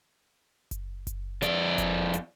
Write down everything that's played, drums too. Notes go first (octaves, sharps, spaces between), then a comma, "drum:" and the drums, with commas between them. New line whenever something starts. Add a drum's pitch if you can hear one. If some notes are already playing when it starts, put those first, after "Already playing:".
drum: kick F#1, hi-hat
drum: kick F#1, hi-hat
F2 D5, drum: hi-hat
drum: kick F#1, hi-hat
drum: hi-hat